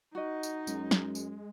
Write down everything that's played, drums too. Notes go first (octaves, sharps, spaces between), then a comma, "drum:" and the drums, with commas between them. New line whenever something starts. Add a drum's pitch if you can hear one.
D#4 F#4 D#5
drum: tambourine
F#2 G#3, drum: tambourine
drum: snare
drum: tambourine